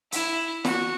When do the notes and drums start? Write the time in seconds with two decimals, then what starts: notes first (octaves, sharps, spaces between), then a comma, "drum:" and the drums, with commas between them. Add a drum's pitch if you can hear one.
0.12 E4, drum: hi-hat
0.65 F#4, drum: snare